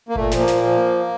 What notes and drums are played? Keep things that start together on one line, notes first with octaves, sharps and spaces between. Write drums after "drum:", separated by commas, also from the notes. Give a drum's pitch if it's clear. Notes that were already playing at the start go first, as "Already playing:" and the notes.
A#3
A#2 A3, drum: kick G1
F3, drum: snare
A#3
A#2, drum: snare
F3